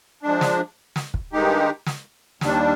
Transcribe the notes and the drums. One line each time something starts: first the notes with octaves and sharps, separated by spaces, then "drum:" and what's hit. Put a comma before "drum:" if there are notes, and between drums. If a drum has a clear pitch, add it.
F3 G#3 D4
drum: snare
drum: snare
drum: kick
G2 D#3 G#3 D#4 G4
drum: snare
D#2 D#3 G3 D4, drum: snare